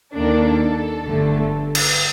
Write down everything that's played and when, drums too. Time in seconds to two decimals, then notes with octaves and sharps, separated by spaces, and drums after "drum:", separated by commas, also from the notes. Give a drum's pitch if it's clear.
0.14 D#2 D#3 A#3 D4 A4
1.06 G1 G2 D3 A3
1.75 drum: cymbal